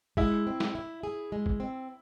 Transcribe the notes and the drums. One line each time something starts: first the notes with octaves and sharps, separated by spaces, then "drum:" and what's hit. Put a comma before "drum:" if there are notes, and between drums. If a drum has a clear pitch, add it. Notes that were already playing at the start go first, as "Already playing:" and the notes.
G#3 E4, drum: kick
C4
drum: snare
E4
G#4
G#3
drum: kick
C4